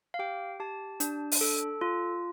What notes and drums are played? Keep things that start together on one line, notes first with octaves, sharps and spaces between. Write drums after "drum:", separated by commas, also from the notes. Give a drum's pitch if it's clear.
F5
G4 G5
G4 A5
D4, drum: hi-hat
drum: open hi-hat
A4
F4